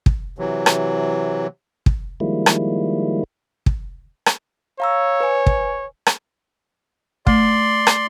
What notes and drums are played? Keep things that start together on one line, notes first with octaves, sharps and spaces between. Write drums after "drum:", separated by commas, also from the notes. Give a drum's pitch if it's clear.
drum: kick
C3 E3 F#3
drum: rim click
drum: kick
D#3 F3 G3 G#3 A#3 E4
drum: rim click
drum: kick
drum: rim click
C#5 F5 A#5 E6
B4 G#5
drum: kick
drum: rim click
A3 D5 C6, drum: kick
drum: rim click